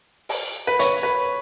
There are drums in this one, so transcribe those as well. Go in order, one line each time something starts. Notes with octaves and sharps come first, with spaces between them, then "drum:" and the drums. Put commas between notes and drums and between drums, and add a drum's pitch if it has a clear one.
drum: open hi-hat
B4
C#5, drum: hi-hat
B4